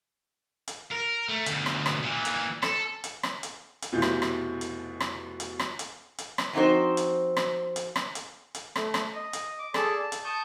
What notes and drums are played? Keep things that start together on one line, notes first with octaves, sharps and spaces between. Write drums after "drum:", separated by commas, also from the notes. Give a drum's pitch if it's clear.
drum: hi-hat
A#4
A3
D2 B2, drum: hi-hat
drum: rim click
drum: rim click
A#2 E3
drum: hi-hat
A4, drum: rim click
drum: hi-hat
drum: rim click
drum: hi-hat
drum: hi-hat
F1 B2 E3 F4 G6
drum: rim click
drum: rim click
drum: hi-hat
drum: rim click
drum: hi-hat
drum: rim click
drum: hi-hat
drum: hi-hat
drum: rim click
F3 C4 D#4 F#4 C5
drum: hi-hat
drum: rim click
drum: hi-hat
drum: rim click
drum: hi-hat
drum: hi-hat
A3, drum: rim click
drum: rim click
D#5
drum: hi-hat
D6
G#4 A4 D5 A5, drum: rim click
A5
drum: hi-hat
A5 C#6 D#6 G6